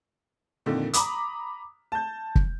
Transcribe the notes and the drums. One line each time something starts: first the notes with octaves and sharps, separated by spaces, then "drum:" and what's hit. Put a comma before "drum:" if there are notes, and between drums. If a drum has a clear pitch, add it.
F2 A#2 D3 D#3
A#5 B5 D6 D#6, drum: hi-hat
A5 G6
drum: kick